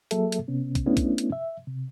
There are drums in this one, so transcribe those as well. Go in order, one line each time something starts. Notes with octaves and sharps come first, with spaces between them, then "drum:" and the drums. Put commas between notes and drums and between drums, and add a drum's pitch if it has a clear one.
F#3 A#3 G#4 A4 E5, drum: hi-hat
drum: hi-hat
C3 B3 C#4
drum: kick, hi-hat
A3 B3 C#4 D4 E4
drum: kick, hi-hat
drum: hi-hat
E5
C3